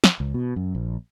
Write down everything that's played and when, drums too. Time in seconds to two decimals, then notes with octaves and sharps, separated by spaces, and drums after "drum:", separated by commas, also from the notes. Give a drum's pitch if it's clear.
0.04 drum: snare
0.20 C#2
0.34 B2
0.56 F#2
0.75 A#1